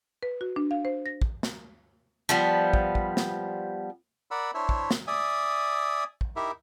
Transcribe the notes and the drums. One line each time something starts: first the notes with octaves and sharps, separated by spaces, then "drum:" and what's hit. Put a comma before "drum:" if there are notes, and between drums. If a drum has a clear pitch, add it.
B4
F#4
D4
F5
C5
A#6
drum: kick
drum: snare
F3 G3 B3
drum: kick
drum: kick
drum: snare
A#4 D5 F#5 B5 E6
D4 E4 C5 C#5 E5
drum: kick
drum: snare
D5 E5 G#5 D#6
drum: kick
D#4 E4 G4 A#4 E5